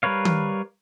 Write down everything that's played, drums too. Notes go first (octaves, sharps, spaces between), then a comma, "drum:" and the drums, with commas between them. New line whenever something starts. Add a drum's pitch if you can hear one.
G3 A#4 B4 C#5 F5
drum: tom D#3